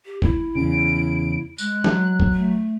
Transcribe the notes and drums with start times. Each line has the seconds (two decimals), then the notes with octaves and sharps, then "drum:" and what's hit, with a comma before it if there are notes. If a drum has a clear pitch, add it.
0.05 G4
0.22 E4, drum: kick F#1
0.55 E2 C#3 D7
1.58 G#3 F#6, drum: tambourine
1.84 F#3, drum: snare
2.20 drum: kick F#1
2.33 A3